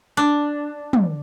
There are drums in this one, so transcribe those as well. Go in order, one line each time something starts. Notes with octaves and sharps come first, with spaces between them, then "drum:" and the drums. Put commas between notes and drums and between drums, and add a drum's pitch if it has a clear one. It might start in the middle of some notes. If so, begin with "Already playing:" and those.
D4
drum: tom